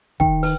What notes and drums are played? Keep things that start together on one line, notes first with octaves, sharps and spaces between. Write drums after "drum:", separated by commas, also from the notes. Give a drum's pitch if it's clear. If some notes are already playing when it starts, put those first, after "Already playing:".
D#3 G5, drum: kick
B4, drum: open hi-hat